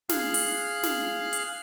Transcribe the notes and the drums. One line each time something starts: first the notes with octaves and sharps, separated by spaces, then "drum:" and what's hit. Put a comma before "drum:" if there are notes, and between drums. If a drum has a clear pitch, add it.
G#4 F5 F6 F#6, drum: snare
drum: open hi-hat
drum: snare
drum: hi-hat